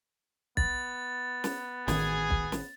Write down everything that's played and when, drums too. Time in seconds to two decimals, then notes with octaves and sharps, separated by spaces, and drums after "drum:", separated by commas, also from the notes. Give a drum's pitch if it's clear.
0.57 B3 A6, drum: kick B1
1.44 drum: snare
1.88 A1 D#3 G#4 G#5, drum: snare
2.30 drum: kick B1
2.52 drum: snare